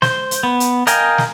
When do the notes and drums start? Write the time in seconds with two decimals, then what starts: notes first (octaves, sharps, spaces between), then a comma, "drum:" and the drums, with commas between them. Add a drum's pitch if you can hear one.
0.02 C5, drum: snare
0.31 drum: hi-hat
0.43 B3
0.60 drum: hi-hat
0.87 A#4 D#5 F5 G5 G#5, drum: hi-hat
1.18 drum: snare